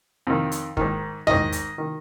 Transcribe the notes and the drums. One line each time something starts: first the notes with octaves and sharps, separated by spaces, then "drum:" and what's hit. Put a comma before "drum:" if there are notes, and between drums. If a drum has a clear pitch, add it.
F2 D#3
drum: hi-hat
G#2 D#3, drum: kick
G#2 D#3 D#5, drum: tom
drum: hi-hat
D#3